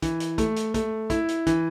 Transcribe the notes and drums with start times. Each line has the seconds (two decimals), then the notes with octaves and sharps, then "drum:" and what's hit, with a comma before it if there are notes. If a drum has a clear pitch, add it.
0.02 E3, drum: kick, hi-hat
0.20 drum: hi-hat
0.38 A3, drum: kick, hi-hat
0.56 drum: hi-hat
0.74 A3, drum: kick, hi-hat
1.10 E4, drum: kick, hi-hat
1.29 drum: hi-hat
1.47 E3, drum: kick, hi-hat